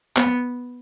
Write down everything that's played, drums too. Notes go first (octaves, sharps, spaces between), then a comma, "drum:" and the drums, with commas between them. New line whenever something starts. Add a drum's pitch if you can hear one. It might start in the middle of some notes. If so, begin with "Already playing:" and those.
B3, drum: clap